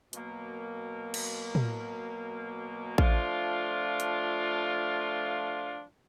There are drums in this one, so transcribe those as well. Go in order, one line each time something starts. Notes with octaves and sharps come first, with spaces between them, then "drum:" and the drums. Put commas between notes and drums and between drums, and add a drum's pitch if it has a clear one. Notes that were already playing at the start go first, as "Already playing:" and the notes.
B2 F#3 A#3, drum: hi-hat
drum: cymbal
drum: tom
F3 A3 D4 F4, drum: kick A1
drum: hi-hat